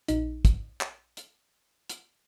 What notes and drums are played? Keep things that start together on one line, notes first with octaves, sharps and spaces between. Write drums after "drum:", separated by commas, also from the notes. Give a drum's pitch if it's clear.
A#1 D#4, drum: hi-hat
drum: kick, hi-hat
drum: clap
drum: hi-hat
drum: hi-hat